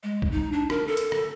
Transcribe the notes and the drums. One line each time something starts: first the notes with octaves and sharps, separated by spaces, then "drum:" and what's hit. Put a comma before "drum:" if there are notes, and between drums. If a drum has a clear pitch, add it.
G#3
drum: kick
D#4
D4
A#4, drum: rim click
A4
drum: hi-hat
drum: rim click